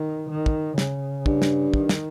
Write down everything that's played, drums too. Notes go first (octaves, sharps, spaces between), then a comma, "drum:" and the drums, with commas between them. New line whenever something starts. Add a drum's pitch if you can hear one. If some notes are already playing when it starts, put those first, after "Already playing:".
Already playing: D#3
D#3
drum: kick
C#3, drum: snare
G2, drum: kick
drum: snare
D#3, drum: kick
drum: snare